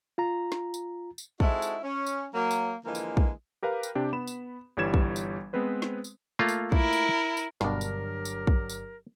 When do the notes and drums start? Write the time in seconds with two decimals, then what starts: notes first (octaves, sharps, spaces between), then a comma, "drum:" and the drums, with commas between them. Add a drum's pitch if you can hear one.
0.18 F4 A#5
0.52 drum: snare
0.74 drum: tambourine
1.18 drum: tambourine
1.40 G#3 C4 D#4 E4 F#4 A4, drum: kick
1.62 drum: tambourine
1.84 C#4
2.06 drum: tambourine
2.34 F#3 A#3
2.51 drum: tambourine
2.85 D3 E3 F3 G#3 A#3
2.95 drum: tambourine
3.17 drum: kick
3.63 G4 A#4 B4 F5 A#5
3.83 drum: tambourine
3.95 C3 D4 G4
4.13 B3 B5 E7
4.27 drum: tambourine
4.77 G1 E3 G3 C#5 G#6 E7
4.94 drum: kick
5.16 drum: tambourine
5.53 G#3 B3 C4 B4 C5
5.82 drum: snare
6.04 drum: tambourine
6.39 A3 A#3 F4
6.48 drum: tambourine
6.72 E4 A#4, drum: kick
6.93 drum: tambourine
7.37 drum: tambourine
7.61 G1 G2 B2 F#3 D4 G4 A#4, drum: snare
7.81 drum: tambourine
8.25 drum: tambourine
8.47 drum: kick
8.69 drum: tambourine